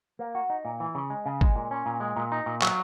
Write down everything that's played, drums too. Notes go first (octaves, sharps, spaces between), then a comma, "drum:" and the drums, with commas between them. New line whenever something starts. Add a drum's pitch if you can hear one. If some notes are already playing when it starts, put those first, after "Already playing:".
A#3
F#4
D#4
A#2
E3
C#3
G#3
C#3
G#3, drum: kick
A#2
C#4
A#2
G#3
A#2
D#4
A#2
F#3, drum: clap